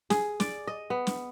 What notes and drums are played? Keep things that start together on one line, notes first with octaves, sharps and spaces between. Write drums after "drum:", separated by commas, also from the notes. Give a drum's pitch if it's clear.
G#4, drum: snare
D5, drum: snare
D#5
B3
drum: snare